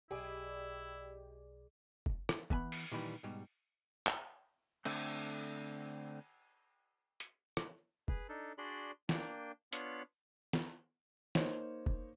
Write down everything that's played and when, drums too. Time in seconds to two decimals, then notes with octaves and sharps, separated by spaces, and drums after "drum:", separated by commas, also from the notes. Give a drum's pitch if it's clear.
0.11 B1 E4 G4 G#4 B4 D5 D#5
2.06 drum: kick
2.29 drum: rim click
2.50 E3 B3 G#5 B5, drum: kick
2.72 drum: open hi-hat
2.92 A#2 D#3 E3 G3
3.23 G#2 B2 G3
4.07 drum: clap
4.85 D3 A3 C4, drum: cymbal
7.20 drum: hi-hat
7.57 drum: rim click
8.08 G#4 B4, drum: kick
8.29 D4 D#4 A4
8.58 D4 F#4 G#4 D5 B5 C6
9.09 A#3 D4 G5, drum: snare
9.73 B3 D4 F4 C#5 F5 B5, drum: hi-hat
10.53 drum: snare
11.35 A#3 D#4 C5 C#5, drum: snare
11.86 drum: kick